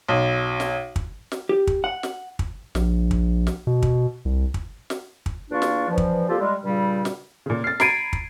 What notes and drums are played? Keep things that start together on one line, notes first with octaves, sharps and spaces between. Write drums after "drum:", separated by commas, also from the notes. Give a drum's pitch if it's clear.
B1
drum: snare
drum: kick
drum: snare
G4
drum: kick
F#5
drum: snare
drum: kick
A#1, drum: snare
drum: kick
drum: snare
B2
drum: kick
C2
drum: kick
drum: snare
drum: kick
E2 A#3 D4 F4 C#6
drum: snare
G2 E3 F3
drum: kick
C2 A#3 F4 G4 A4
G3 G#3
G2 A#2 C#3 G3
drum: snare
A#2 C#3
F6 A6 C7
A#5 B5 G#6 C7 D7 D#7, drum: snare
drum: kick